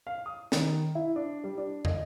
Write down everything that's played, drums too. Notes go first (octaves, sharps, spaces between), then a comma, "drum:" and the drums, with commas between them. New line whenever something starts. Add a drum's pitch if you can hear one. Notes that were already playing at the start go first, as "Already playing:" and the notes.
F5
D#6
D#3, drum: snare
E4
D4
G3
D4
D#5, drum: tom